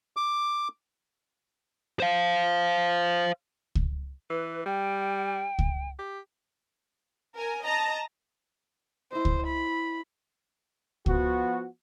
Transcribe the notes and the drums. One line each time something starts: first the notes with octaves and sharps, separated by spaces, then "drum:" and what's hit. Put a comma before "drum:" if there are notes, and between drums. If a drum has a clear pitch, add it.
D6
C5 F5
drum: kick C#2
E3 B4
G3 G5
drum: kick C#2
G4
A#4 G#5
D#5 A5 A#5 A#6
E4 C5 D#5
drum: kick C#2
B5
F3 B3 F#4, drum: kick C#2